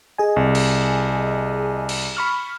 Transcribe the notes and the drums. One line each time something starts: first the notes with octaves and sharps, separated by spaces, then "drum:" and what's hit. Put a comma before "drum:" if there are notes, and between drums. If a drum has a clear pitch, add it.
G#4 D#5 G#5
C2
drum: cymbal
drum: cymbal
B5 C#6 F6